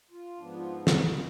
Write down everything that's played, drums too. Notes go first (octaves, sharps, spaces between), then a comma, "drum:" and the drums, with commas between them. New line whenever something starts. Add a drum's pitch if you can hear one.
F4
G#2 F3 B3 D4
F4
drum: snare